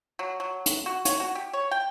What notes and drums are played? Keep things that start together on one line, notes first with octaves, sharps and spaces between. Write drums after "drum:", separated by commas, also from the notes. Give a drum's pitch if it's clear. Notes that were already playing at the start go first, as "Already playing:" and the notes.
F#3
F#3
drum: hi-hat
F#4
C#5, drum: hi-hat
F#4
G4
C#5
G5